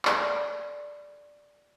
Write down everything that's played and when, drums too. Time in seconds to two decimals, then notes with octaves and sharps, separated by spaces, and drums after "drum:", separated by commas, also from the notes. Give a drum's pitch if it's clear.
0.05 G#4 A4 D5, drum: clap